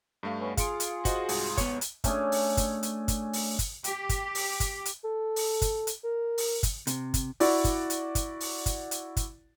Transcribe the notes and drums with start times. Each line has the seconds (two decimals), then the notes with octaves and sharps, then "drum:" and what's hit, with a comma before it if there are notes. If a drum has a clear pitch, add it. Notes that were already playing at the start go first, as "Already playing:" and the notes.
0.23 G2 A3 F5
0.39 B3 C#4
0.57 F4 G#4 F5 C#7 D7, drum: kick, hi-hat
0.80 drum: hi-hat
1.05 F#4 C5 D#5, drum: kick, hi-hat
1.29 C2 G#2, drum: open hi-hat
1.58 B3 C#5, drum: kick, hi-hat
1.81 drum: hi-hat
2.04 A3 C#4 D4 G#4, drum: kick, hi-hat
2.32 drum: open hi-hat
2.57 drum: kick, hi-hat
2.83 drum: hi-hat
3.08 drum: kick, hi-hat
3.33 drum: open hi-hat
3.59 drum: kick, hi-hat
3.84 G4, drum: hi-hat
4.09 drum: kick, hi-hat
4.35 drum: open hi-hat
4.60 drum: kick, hi-hat
4.85 drum: hi-hat
5.04 A4
5.36 drum: open hi-hat
5.62 drum: kick, hi-hat
5.87 drum: hi-hat
6.04 A#4
6.38 drum: open hi-hat
6.63 drum: kick, hi-hat
6.87 C3, drum: hi-hat
7.14 drum: kick, hi-hat
7.40 E4 F#4 D5, drum: open hi-hat
7.64 drum: kick, hi-hat
7.90 drum: hi-hat
8.15 drum: kick, hi-hat
8.40 drum: open hi-hat
8.66 drum: kick, hi-hat
8.91 drum: hi-hat
9.17 drum: kick, hi-hat